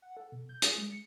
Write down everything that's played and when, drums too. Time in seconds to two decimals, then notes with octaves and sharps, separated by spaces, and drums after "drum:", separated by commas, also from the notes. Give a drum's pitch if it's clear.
0.02 F#5
0.17 A4
0.32 B2
0.49 G6
0.62 D#6, drum: hi-hat
0.78 G#3
0.90 C#7